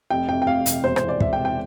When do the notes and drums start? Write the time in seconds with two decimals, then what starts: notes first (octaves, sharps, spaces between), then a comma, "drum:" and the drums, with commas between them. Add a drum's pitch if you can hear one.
0.10 F1 G5
0.29 F2 G5
0.42 G5
0.47 F1 F5
0.66 C3, drum: hi-hat
0.84 E1 C5
0.96 C5, drum: rim click
1.02 E2
1.09 D5
1.20 E1 E5, drum: kick
1.33 G5
1.39 C3
1.45 G5